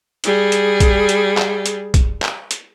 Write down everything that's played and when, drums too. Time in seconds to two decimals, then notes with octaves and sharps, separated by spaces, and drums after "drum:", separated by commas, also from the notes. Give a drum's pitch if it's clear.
0.24 G3 G#4, drum: hi-hat
0.52 drum: hi-hat
0.80 drum: kick A#1, hi-hat
1.09 drum: hi-hat
1.37 drum: clap
1.66 drum: hi-hat
1.94 drum: kick A#1, hi-hat
2.22 drum: clap
2.51 drum: hi-hat